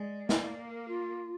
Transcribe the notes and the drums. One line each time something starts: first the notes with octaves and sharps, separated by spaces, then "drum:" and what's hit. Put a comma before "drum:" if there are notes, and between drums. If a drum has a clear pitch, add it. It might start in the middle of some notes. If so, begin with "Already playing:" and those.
Already playing: G#3 D5
A#3, drum: snare
A#4
F4